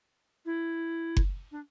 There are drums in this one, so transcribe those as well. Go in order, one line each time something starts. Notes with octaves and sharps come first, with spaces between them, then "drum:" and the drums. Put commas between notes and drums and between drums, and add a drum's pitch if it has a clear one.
E4
drum: kick F#1
D4